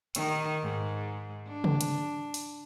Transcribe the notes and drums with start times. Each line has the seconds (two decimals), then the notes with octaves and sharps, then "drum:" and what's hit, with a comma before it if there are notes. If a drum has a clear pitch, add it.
0.15 D#3, drum: hi-hat
0.63 G#2
1.47 D4
1.64 drum: tom C#3
1.81 drum: hi-hat
2.34 drum: open hi-hat